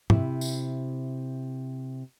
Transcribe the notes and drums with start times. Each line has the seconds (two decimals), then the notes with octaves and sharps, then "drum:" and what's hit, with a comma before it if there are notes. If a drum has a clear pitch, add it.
0.10 C3 E4, drum: tom
0.41 drum: tambourine